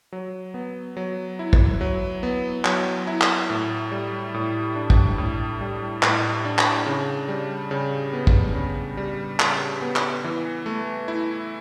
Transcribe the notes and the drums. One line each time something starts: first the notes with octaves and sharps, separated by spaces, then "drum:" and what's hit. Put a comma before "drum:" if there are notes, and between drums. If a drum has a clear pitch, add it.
F#3
B3
F#3
E4
drum: kick
F#3
B3
F#3, drum: clap
E4
drum: clap
A2
G3
A2
D4
drum: kick
A2
G3
A2, drum: clap
D4
drum: clap
C#3
G3
C#3
B3
drum: kick
C#3
G3
C#3, drum: clap
B3
drum: clap
E3
A3
E4